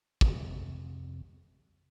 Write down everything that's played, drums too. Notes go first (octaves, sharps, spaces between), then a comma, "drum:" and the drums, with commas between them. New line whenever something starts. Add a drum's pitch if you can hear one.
F2 C3, drum: kick